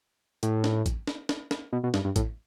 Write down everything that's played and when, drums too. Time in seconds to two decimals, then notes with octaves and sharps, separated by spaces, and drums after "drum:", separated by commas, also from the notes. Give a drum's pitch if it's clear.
0.43 A2, drum: hi-hat
0.64 drum: snare
0.86 drum: kick A1, hi-hat
1.07 drum: snare
1.29 drum: snare
1.51 drum: snare
1.73 B2
1.84 B2
1.94 G2, drum: snare
2.05 G2
2.16 A2, drum: kick A1, hi-hat